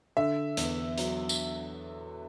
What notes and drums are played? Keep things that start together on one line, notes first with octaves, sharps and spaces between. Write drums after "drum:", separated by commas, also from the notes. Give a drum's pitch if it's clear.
D3 E5
E2, drum: hi-hat
F#3, drum: hi-hat
drum: tambourine